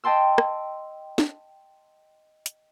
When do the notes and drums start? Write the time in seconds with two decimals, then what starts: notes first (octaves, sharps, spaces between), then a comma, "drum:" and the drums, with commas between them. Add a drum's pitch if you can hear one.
0.04 D#5 G5 A5 C6 E6
0.38 drum: rim click
1.18 drum: snare
2.46 drum: hi-hat